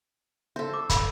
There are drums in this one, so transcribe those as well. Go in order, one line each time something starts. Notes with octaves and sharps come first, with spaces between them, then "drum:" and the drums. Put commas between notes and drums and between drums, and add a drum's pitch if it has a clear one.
A4 C5 E5
D6
B5, drum: kick, hi-hat